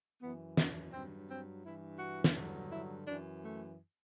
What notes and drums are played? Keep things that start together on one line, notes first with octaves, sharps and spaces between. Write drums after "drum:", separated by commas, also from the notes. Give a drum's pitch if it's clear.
F#2 E3 B3
B3, drum: snare
G2 F#3 C4
C4
G2 E3 E4
F#4
drum: snare
G2 D3 F#3
E4
F#2 E3 D4
A3